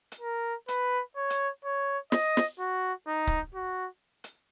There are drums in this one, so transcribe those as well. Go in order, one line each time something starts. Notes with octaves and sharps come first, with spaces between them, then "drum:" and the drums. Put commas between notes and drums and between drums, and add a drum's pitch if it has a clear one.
drum: hi-hat
A#4
B4, drum: hi-hat
C#5
drum: hi-hat
C#5
D#5, drum: snare
drum: snare
F#4
D#4
drum: kick C#1
F#4
drum: hi-hat